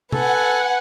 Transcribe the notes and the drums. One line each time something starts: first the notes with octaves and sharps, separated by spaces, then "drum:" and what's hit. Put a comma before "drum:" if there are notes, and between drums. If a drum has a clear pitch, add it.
A4 B4 F#5 G#5, drum: tom C3